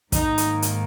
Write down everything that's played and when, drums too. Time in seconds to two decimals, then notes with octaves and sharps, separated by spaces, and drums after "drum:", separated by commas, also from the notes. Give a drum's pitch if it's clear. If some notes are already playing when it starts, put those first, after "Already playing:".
0.12 G#2 D#3 A#3 D#4, drum: kick, hi-hat
0.38 drum: hi-hat
0.62 drum: hi-hat